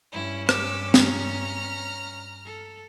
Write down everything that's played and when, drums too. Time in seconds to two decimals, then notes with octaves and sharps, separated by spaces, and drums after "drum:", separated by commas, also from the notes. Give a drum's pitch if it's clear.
0.12 G2 C#4 E4
0.49 D6 E6, drum: rim click
0.94 A#5 F6, drum: snare C4
2.45 A4